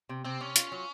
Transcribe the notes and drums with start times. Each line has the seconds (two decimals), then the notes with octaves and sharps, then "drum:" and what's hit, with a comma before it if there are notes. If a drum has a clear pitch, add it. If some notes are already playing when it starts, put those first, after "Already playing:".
0.09 C3
0.24 C3 C4
0.41 C3 C#4
0.56 F4, drum: hi-hat
0.72 F#3